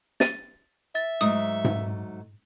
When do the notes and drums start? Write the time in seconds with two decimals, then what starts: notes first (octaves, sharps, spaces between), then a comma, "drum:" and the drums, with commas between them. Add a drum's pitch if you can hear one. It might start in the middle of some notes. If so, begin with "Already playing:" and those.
0.20 A6 D#7, drum: snare
0.95 E5 A6
1.21 G#2 F#3 A3 D#6
1.64 drum: tom G#2